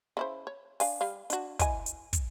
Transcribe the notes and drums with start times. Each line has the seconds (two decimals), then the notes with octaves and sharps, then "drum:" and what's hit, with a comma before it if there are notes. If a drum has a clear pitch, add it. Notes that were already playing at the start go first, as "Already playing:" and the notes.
0.17 C#3 E4 C5
0.47 C#5
0.80 D4 F5 G#5, drum: open hi-hat
1.01 G3 F5
1.30 D4 F#4, drum: hi-hat
1.59 E3 D#5 G#5, drum: kick, hi-hat
1.86 drum: hi-hat
2.13 drum: kick, hi-hat